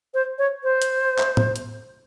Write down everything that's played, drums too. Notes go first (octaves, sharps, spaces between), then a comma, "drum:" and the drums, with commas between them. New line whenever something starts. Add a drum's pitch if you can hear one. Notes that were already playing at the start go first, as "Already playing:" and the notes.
C5
C#5
C5
drum: hi-hat
drum: clap
drum: tom A2
drum: hi-hat